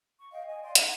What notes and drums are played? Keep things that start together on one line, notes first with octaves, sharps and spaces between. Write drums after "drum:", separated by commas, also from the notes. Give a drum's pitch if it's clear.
C#6
D#5 F5 G5
D#5 G#5
D5 F5 G5 C6
F#5, drum: hi-hat